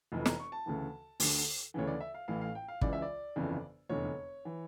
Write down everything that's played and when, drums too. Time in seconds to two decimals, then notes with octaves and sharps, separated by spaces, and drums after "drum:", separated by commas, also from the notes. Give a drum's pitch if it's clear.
0.12 F1 F2 E3
0.26 A#5, drum: snare
0.39 C#6
0.52 A5
0.66 D2 C#3 E3
1.20 D2 D3, drum: open hi-hat
1.74 D2 C#3 E3 C#5
1.87 D5
2.01 E5
2.14 F5
2.28 A1 A2 E3 F5
2.41 F5
2.55 G5
2.68 F5
2.81 C#2 C#3 E3 D5, drum: kick
2.93 E5
3.02 D5
3.36 G1 F2 C#3 E3
3.89 F1 E2 D3 C#5
4.45 E3